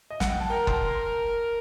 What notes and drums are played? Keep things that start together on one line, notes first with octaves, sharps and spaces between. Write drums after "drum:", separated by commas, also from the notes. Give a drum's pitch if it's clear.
D#5
F#5, drum: snare
G5
A5
A#4 G5 A#5
A5 C6, drum: kick F#1